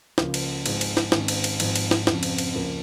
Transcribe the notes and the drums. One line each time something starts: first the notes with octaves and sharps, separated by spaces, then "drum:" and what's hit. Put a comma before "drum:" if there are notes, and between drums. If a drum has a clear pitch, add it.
C#2 C#3 F3 A#3 F4, drum: snare
drum: cymbal
G#1 G#2 F3 G#3, drum: cymbal
drum: cymbal
drum: snare
G#1 G#2 D#3 C#4, drum: snare
drum: cymbal
drum: cymbal
G#1 G#2 F3, drum: cymbal
drum: cymbal
drum: snare
F2 C#3 F3, drum: snare
drum: cymbal
drum: cymbal
C#2 C#3 F3 A#3